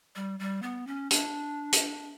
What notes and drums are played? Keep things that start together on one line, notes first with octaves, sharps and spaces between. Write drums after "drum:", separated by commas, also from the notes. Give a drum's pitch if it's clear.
G3
G3
B3
C#4
D4, drum: hi-hat
drum: hi-hat